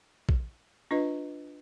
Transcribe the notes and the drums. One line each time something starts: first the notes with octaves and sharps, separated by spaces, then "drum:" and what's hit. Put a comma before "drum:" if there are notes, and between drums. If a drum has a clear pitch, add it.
drum: kick
D4 F4 B4 D#5